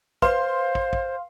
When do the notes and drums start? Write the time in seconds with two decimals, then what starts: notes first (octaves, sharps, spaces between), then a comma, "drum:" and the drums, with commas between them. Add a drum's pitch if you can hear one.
0.22 B4 C5 F5 C6, drum: kick
0.75 drum: kick
0.93 drum: kick